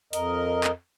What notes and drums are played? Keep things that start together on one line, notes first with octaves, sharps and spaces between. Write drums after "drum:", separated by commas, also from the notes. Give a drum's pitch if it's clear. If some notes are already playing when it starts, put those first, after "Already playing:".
F2 A#4 D#5, drum: hi-hat
drum: clap